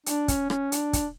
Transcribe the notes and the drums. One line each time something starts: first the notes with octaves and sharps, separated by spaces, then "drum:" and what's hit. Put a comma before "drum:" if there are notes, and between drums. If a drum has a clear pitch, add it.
D4, drum: hi-hat
C#4, drum: kick, hi-hat
C#4, drum: rim click
D4, drum: hi-hat
drum: kick, hi-hat